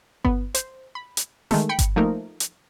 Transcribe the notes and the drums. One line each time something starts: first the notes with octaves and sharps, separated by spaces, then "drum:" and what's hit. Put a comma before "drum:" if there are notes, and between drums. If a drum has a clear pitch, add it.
B3, drum: kick G1
C5, drum: hi-hat
B5
drum: hi-hat
D#3 G#3 A3, drum: snare
G5 B5 C#7
drum: kick G1, hi-hat
F3 A3 A#3 D#4 A#4
drum: hi-hat